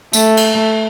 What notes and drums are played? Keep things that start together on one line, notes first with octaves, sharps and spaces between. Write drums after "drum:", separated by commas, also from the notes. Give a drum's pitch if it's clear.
A3, drum: tambourine
drum: cymbal